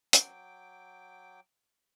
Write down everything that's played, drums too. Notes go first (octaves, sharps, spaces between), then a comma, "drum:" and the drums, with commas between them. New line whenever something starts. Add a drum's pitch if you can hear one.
F#3 G5 D6, drum: hi-hat